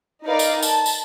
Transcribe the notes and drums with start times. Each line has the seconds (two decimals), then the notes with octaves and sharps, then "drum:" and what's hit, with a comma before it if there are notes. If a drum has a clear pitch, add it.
0.24 D#4 A#4 B4 D5 F5
0.39 drum: tambourine
0.62 A5, drum: tambourine
0.86 drum: tambourine